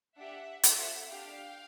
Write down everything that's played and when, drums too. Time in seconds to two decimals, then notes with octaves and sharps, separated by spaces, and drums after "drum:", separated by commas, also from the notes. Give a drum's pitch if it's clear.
0.17 D4 G4 E5 F#5
0.63 C4 F4 A4 E5 F#5, drum: hi-hat
1.11 D4 G4 F5 G5